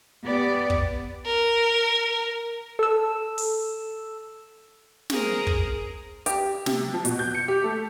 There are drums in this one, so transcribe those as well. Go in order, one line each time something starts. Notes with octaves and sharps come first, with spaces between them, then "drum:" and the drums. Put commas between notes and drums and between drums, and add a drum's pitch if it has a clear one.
B3 G4 D5
drum: kick
A#4
A4 E6
drum: open hi-hat
G#4 A#4 C5, drum: snare
drum: kick
G4, drum: hi-hat
C3, drum: snare
F3
B2, drum: hi-hat
G6
C#7
G4
A3